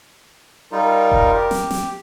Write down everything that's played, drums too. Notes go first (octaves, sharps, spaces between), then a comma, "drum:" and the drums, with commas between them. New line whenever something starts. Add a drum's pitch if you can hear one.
G3 D#4 F4 A#4
drum: kick E1
G4
drum: snare
drum: snare